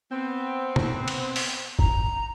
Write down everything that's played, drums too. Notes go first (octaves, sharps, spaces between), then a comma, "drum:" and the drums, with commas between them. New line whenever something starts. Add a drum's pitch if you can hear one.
B3 C4
drum: tom
drum: cymbal
drum: open hi-hat
A#5, drum: kick